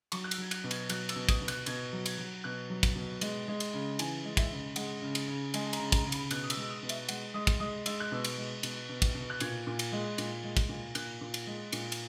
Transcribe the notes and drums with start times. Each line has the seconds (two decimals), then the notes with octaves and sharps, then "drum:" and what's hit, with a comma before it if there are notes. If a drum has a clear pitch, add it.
0.12 F#3 C#6, drum: cymbal
0.24 F#6
0.31 E6, drum: cymbal
0.38 F#3 G#6
0.51 F#6, drum: cymbal
0.64 B2
0.71 G#6, drum: cymbal
0.89 F#3 F#6, drum: cymbal
1.09 E6, drum: cymbal
1.16 B2
1.29 D#6, drum: kick, cymbal
1.42 B2
1.48 F#6, drum: cymbal
1.66 B2 G#6, drum: cymbal
1.93 F#3
2.06 G#6, drum: cymbal
2.19 F#3
2.44 B2 F#6
2.70 F#3
2.83 drum: kick, cymbal
2.95 B2
3.21 G#3, drum: cymbal
3.48 G#3
3.60 drum: cymbal
3.73 C#3
3.99 E3 G#5, drum: cymbal
4.24 G#3
4.37 E5, drum: kick, cymbal
4.51 C#3
4.76 G#3 F#5, drum: cymbal
5.02 C#3
5.15 drum: cymbal
5.28 C#3
5.54 G#3 G#5, drum: cymbal
5.66 G#5
5.73 A#5, drum: cymbal
5.79 C#3
5.92 A#5, drum: kick, cymbal
6.05 C#3
6.12 B5, drum: cymbal
6.31 B2 F#6, drum: cymbal
6.43 D#6
6.50 E6, drum: cymbal
6.56 G#3
6.62 E6
6.70 D#6
6.83 B2
6.89 E5, drum: cymbal
7.09 G#3 F#5, drum: cymbal
7.34 G#3 D#6
7.47 drum: kick, cymbal
7.60 G#3 D#6
7.86 G#3 E6, drum: cymbal
8.00 F#6
8.12 B2 E6
8.24 drum: cymbal
8.37 G#3
8.63 B2, drum: cymbal
8.89 B2
9.02 drum: kick, cymbal
9.14 B2
9.30 F#6
9.40 A#2 G#6, drum: cymbal
9.67 A#2
9.79 drum: cymbal
9.92 G#3
10.18 A#2, drum: cymbal
10.44 G#3
10.57 drum: kick, cymbal
10.69 A#2
10.95 A#2 F#6, drum: cymbal
11.21 A#2
11.34 drum: cymbal
11.47 G#3
11.73 A#2, drum: cymbal
11.92 drum: cymbal